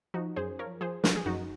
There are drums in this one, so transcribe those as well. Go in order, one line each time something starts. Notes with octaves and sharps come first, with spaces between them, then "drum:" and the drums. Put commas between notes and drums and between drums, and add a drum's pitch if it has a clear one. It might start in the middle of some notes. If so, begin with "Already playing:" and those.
F3 D#4 F#4
F#2 G#4 C5
F3 A#4 C#5
F3 G#4 C5
F3 F#4 A#4, drum: snare
G#4
F#2 D#4 F#4